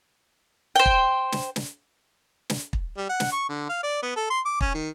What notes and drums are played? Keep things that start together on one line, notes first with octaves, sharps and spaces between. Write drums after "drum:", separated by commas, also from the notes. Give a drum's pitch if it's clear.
C5 G5
drum: kick
drum: snare
drum: snare
drum: snare
drum: kick
G3
F#5
drum: snare
C#6
D3
F5
D5
B3
A4
C6
D6
C#4, drum: kick
D#3